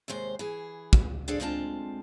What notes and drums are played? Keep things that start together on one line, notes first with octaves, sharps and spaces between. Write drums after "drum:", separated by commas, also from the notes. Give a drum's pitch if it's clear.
D#2 C3 G#3 C5
E3 G#4
drum: kick
D4 G#4 A4 C5 D5 F5
D2 G#3 C4 F4 G#5 A5